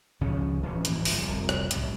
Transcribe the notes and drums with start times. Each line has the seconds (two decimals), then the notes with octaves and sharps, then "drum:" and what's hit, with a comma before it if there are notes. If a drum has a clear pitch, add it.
0.21 C#2 C#3 F3 C#4
0.62 D1 E3 F3 C#4
0.85 D1 G1 E3 A#3, drum: hi-hat
1.05 G1 F3 G3, drum: open hi-hat
1.22 F1 C2 A#2
1.49 drum: rim click
1.71 C2 F#2 A2 G3, drum: hi-hat